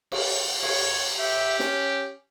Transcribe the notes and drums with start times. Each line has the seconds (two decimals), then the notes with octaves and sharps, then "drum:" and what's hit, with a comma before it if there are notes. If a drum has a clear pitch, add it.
0.12 drum: cymbal
0.63 C#5, drum: cymbal
1.19 G4 E5
1.60 C#4, drum: snare